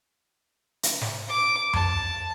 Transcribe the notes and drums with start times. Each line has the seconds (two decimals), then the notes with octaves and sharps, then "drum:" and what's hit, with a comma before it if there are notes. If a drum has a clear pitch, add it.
0.83 drum: hi-hat
1.01 drum: snare
1.29 D6
1.73 A5, drum: tom F2